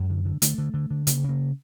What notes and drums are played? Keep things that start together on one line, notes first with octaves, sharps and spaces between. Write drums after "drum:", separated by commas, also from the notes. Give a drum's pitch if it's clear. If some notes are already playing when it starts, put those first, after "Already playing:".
Already playing: F#2 G#3
D3
D3
D3 A3, drum: hi-hat
D3
D3
D3
C#3 A#3, drum: hi-hat
C#3
A#3